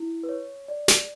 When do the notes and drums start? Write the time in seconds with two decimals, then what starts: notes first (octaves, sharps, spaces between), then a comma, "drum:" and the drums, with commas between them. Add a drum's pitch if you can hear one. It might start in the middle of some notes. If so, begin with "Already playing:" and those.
Already playing: E4
0.23 B4
0.29 C#5
0.68 D5
0.88 drum: snare